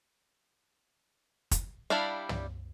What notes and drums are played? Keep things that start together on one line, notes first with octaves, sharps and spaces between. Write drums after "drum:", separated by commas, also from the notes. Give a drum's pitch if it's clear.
drum: kick, hi-hat
G3 D4 E4 D5 F5
drum: tom